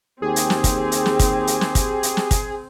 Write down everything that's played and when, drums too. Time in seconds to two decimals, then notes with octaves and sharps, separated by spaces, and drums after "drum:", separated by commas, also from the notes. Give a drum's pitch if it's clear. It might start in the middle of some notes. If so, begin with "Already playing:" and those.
0.22 D#2 C4 G4 G#4
0.36 drum: hi-hat
0.50 drum: snare
0.64 drum: kick, hi-hat
0.92 drum: hi-hat
1.06 drum: snare
1.19 drum: kick, hi-hat
1.47 drum: hi-hat
1.61 drum: snare
1.75 drum: kick, hi-hat
2.03 drum: hi-hat
2.17 drum: snare
2.31 drum: kick, hi-hat